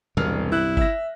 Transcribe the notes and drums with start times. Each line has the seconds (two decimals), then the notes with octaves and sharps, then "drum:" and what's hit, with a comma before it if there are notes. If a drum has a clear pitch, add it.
0.17 E1 C2 G2 C3 F6
0.52 E4 F#6
0.77 E5 A#6, drum: kick G1